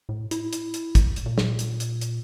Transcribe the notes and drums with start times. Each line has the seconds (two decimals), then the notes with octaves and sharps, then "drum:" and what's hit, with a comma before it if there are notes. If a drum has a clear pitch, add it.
0.09 A2
0.31 E4, drum: hi-hat
0.53 drum: hi-hat
0.74 drum: hi-hat
0.95 drum: kick, hi-hat
1.16 drum: hi-hat
1.26 A#2
1.38 drum: snare
1.59 drum: hi-hat
1.80 drum: hi-hat
2.01 drum: hi-hat